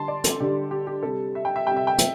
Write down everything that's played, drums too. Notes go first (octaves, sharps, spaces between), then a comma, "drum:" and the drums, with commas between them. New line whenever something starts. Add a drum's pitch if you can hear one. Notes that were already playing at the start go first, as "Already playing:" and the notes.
Already playing: D3 G3 A5 C6
D5
A4, drum: hi-hat
D3 G3 G4
G4
G4
C3 G3 A4
E5
G5
E5
C3 G3 G5
E5
G5
E5, drum: hi-hat